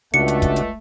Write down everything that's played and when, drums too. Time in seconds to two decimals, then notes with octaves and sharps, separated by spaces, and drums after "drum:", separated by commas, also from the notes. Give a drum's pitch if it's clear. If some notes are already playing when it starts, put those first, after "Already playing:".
0.14 C#2 C#3 A3 D4 F#4 C#7
0.28 drum: hi-hat
0.42 drum: kick, hi-hat
0.56 drum: hi-hat